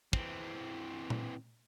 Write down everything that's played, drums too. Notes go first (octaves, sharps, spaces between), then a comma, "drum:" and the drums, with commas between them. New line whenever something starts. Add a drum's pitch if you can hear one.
E3 C4, drum: kick
drum: tom A#2